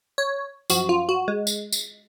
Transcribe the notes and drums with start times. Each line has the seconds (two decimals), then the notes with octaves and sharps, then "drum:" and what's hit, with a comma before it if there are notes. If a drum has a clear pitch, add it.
0.18 C#5
0.70 F#2 F3 F#4, drum: tambourine
0.89 F4
1.09 F#4
1.28 G#3
1.47 drum: tambourine
1.72 drum: tambourine